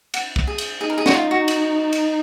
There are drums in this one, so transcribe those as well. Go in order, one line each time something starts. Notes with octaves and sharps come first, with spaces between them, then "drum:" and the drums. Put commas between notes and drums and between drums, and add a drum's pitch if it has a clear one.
F#5, drum: cymbal
drum: kick
G#4
drum: cymbal
D#4 G#4
A#4
G#4
F#4, drum: snare
F4
F#4
drum: cymbal
drum: cymbal